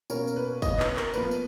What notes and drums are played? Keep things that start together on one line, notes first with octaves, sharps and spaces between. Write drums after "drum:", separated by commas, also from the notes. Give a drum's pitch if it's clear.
B2 A#3 C#4 A#4, drum: tambourine
drum: tambourine
B4
D#5, drum: kick, tambourine
B4, drum: clap
A#4, drum: clap
A#2 F3 B3 B4, drum: tambourine
drum: tambourine